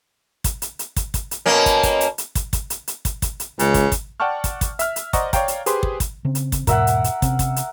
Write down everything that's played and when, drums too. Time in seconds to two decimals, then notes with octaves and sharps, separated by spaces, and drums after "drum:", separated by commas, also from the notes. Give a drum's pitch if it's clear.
0.44 drum: kick, hi-hat
0.62 drum: hi-hat
0.79 drum: hi-hat
0.96 drum: kick, hi-hat
1.14 drum: kick, hi-hat
1.31 drum: hi-hat
1.46 B2 A#3 C#4
1.66 drum: kick, hi-hat
1.83 drum: kick, hi-hat
2.01 drum: hi-hat
2.18 drum: hi-hat
2.35 drum: kick, hi-hat
2.53 drum: kick, hi-hat
2.70 drum: hi-hat
2.88 drum: hi-hat
3.05 drum: kick, hi-hat
3.22 drum: kick, hi-hat
3.40 drum: hi-hat
3.59 C#2 C#3, drum: hi-hat
3.74 drum: kick, hi-hat
3.92 drum: kick, hi-hat
4.20 D5 F#5 G5 A5 C#6 F6
4.44 drum: kick, hi-hat
4.61 drum: kick, hi-hat
4.79 E5 F6, drum: hi-hat
4.96 drum: hi-hat
5.13 C5 D5 D#5 F#5 A#5 C#6, drum: kick, hi-hat
5.33 C#5 D5 F5 G5 A#5, drum: kick, hi-hat
5.48 drum: hi-hat
5.66 G4 G#4 B4 C5 C6, drum: hi-hat
5.83 drum: kick
6.00 drum: kick, hi-hat
6.25 C#3 C4
6.35 drum: hi-hat
6.52 drum: kick, hi-hat
6.67 E2 G#2 B2 A#4 E5 F#5, drum: kick, hi-hat
6.87 drum: hi-hat
7.04 drum: hi-hat
7.22 C3 C4 C#4, drum: kick, hi-hat
7.39 drum: kick, hi-hat
7.56 drum: hi-hat